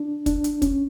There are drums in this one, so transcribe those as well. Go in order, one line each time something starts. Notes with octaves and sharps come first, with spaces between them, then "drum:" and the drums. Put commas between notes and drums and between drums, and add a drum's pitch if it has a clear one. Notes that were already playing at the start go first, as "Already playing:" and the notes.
Already playing: D4
D4, drum: kick, hi-hat
drum: hi-hat
C#4, drum: kick, hi-hat